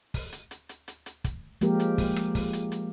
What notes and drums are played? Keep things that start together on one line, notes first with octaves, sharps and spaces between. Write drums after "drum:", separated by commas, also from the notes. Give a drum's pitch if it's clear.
drum: kick, open hi-hat
drum: hi-hat
drum: hi-hat
drum: hi-hat
drum: hi-hat
drum: hi-hat
drum: kick, hi-hat
F3 G#3 A#3 G4 A#4, drum: hi-hat
drum: hi-hat
drum: kick, open hi-hat
drum: rim click
drum: kick, open hi-hat
drum: hi-hat
drum: hi-hat